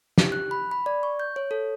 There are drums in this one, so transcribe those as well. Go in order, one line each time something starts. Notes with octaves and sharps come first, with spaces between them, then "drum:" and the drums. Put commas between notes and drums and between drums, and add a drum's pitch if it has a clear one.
G4, drum: snare
F#6
B5
B5
D5
C#6
G6
C#5
A4